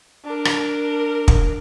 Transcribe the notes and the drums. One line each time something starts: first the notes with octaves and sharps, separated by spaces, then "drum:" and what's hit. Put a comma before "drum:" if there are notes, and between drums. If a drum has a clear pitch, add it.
D4 A#4
drum: rim click
drum: kick